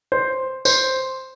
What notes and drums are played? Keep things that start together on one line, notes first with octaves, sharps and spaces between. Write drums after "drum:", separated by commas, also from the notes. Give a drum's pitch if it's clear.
C5
C5, drum: tambourine